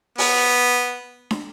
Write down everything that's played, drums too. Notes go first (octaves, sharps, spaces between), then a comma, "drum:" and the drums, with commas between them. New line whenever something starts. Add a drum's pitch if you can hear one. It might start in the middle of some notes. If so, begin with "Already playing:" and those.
B3, drum: open hi-hat
drum: snare